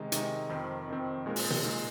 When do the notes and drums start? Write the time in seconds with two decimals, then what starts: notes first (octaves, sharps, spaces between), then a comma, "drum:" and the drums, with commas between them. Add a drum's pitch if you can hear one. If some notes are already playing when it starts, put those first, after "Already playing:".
Already playing: C3 D#3 G#3 D#4
0.12 C3 D#3 G#3 D#4, drum: hi-hat
0.49 F2 D#3 C4
0.88 F2 D#3 C4
1.26 A#2 G#3 D#4 A#4
1.36 drum: open hi-hat
1.50 drum: tom B2
1.64 A#2 G#3 D#4 A#4